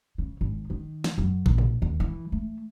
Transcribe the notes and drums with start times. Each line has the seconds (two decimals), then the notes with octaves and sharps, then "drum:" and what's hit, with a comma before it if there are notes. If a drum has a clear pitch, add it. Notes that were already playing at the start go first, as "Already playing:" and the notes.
0.18 C#3
0.41 G#1
0.70 D#3
1.04 drum: snare
1.18 F#2
1.46 A#1, drum: kick A1
1.58 drum: tom
1.82 D#2
2.00 E3
2.32 A3